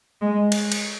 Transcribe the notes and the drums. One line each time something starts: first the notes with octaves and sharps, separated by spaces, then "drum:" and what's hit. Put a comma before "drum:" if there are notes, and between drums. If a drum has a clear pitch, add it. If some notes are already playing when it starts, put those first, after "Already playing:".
G#3
drum: cymbal
drum: cymbal